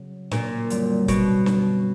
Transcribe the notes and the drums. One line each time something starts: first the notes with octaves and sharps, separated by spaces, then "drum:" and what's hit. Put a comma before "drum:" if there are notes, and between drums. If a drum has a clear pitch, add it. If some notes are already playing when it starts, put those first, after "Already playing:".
Already playing: C#3 F#3
A#2, drum: snare
F#2 D3 G3 C4, drum: hi-hat
B2, drum: kick, hi-hat
drum: snare